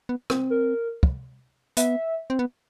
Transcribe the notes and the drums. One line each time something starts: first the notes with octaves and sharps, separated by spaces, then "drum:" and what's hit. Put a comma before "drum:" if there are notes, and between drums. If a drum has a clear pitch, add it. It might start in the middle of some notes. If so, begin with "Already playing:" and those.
B3
C4, drum: rim click
A#4
drum: kick
B3 E5, drum: hi-hat
C4
B3